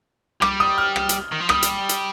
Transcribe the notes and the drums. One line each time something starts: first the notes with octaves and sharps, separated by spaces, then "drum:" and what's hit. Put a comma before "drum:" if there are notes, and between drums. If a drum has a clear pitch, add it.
G3 D6, drum: rim click
D#6
F6
drum: rim click
drum: hi-hat
D#3
F3
G3 D#6, drum: rim click
drum: hi-hat
drum: hi-hat